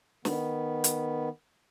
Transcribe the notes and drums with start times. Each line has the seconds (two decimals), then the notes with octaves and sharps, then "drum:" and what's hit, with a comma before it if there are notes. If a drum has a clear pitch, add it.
0.25 D#3 B3, drum: snare
0.84 drum: hi-hat